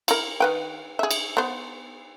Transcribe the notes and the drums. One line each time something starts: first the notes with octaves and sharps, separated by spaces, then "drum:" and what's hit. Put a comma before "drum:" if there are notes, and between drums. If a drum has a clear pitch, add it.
E4 A#4, drum: cymbal
D#3 B4 G5
G#4 E5
drum: cymbal
B3 C5